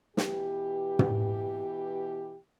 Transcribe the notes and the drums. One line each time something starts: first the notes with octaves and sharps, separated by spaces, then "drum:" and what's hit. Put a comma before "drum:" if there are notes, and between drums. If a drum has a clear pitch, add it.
B2 E3 G4, drum: snare
drum: tom